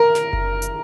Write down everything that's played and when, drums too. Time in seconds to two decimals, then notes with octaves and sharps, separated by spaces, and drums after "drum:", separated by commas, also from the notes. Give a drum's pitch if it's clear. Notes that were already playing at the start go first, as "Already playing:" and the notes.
Already playing: A#4
0.15 drum: snare
0.33 drum: kick F#1
0.62 drum: hi-hat